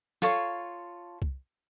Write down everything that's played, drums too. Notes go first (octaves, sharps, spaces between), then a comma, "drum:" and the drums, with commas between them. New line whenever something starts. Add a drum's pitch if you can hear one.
F4 A4 C#5 C6, drum: snare
drum: kick C2